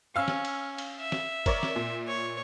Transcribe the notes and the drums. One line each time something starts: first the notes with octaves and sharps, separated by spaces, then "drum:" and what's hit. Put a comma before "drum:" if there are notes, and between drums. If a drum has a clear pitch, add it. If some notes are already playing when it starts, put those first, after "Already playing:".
C#4 F5 E6
drum: snare
drum: cymbal
drum: cymbal
E5
drum: snare
A#4 C#5 D5, drum: kick F#1, cymbal
drum: snare
A#2
C#5